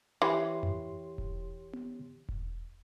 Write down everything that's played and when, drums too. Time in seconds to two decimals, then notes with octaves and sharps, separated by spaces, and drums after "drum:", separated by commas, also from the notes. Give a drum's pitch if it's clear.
0.22 E3 G4 C#5 C6
0.63 drum: tom F2
1.18 drum: kick E1
1.73 drum: tom B3
2.29 drum: kick E1